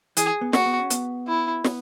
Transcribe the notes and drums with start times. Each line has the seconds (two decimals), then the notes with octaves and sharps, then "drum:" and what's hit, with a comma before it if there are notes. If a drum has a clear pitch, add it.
0.17 E3 G#4, drum: hi-hat
0.41 B3
0.53 A#3 F#4, drum: snare
0.66 B3
0.79 C#4
0.90 B3, drum: hi-hat
1.27 E4
1.64 B3, drum: snare